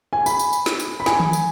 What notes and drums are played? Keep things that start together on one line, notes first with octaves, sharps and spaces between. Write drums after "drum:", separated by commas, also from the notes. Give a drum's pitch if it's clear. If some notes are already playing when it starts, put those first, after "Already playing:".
G#5
B5, drum: tambourine
drum: tambourine
drum: tambourine
drum: snare
drum: tambourine
B5
G#5, drum: snare
drum: tom D#3
drum: tambourine